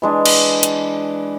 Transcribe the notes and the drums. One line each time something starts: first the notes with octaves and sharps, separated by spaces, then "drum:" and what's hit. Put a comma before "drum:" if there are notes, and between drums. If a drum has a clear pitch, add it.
E3 G#3 D4
drum: cymbal
drum: hi-hat